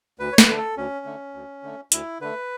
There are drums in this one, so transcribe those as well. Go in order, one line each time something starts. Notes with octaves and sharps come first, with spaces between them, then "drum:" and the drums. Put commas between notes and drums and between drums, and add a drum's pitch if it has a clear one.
D2 B4
C#5
B4, drum: snare
D3 A3
A4
D2 C#4
D3 A3
D2
D3 A3
D2 E4, drum: hi-hat
D3 A3 B4